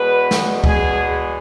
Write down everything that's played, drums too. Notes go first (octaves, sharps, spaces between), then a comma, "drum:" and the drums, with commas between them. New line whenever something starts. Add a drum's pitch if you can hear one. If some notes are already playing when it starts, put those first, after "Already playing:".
Already playing: E2 B2 G#3 B3 B4
drum: snare
G#4, drum: kick C#2